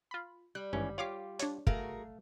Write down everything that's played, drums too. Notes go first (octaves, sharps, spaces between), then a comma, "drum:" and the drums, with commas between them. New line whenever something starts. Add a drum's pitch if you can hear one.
F4 B5
G3 F#6
G#1 G2 E3 C#4
F4 G4 C#5 F5 D6
D4 C#5, drum: hi-hat
A3 F#4 G#4 A#4 F5, drum: kick